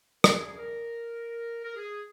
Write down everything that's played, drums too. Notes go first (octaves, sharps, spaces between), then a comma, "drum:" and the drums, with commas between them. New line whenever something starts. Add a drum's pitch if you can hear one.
A#4, drum: rim click
G#4
A#4
A#4
G#4